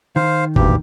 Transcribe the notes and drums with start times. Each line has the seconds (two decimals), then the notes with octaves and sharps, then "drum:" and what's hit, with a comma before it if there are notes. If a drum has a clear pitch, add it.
0.16 D#3 C5 F5
0.56 E1 A1 D2 G2 A#2 G4, drum: kick F#1